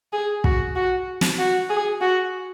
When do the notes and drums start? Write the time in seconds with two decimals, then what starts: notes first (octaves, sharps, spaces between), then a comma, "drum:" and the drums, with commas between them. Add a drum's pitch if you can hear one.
0.13 G#4
0.44 F#4, drum: kick
0.76 F#4
1.21 drum: snare
1.39 F#4
1.70 G#4
2.01 F#4